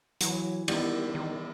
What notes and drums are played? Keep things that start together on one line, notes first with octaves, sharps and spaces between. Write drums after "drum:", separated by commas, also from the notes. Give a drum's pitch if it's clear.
E3 F#3, drum: hi-hat
D#3 G3 B3 E4, drum: cymbal
D#3 E3